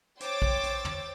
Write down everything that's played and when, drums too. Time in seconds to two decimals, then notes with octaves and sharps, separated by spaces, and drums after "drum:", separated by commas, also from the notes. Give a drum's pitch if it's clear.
0.20 C5 C#5 G5 D6 E6 A6, drum: hi-hat
0.42 drum: kick A#1
0.63 drum: hi-hat
0.85 drum: tom